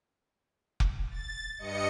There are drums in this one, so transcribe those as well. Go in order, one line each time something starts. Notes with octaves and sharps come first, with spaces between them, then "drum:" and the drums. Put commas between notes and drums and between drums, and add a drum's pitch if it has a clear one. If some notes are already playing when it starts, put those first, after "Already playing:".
drum: kick F1
A6
G2 D#5 C#7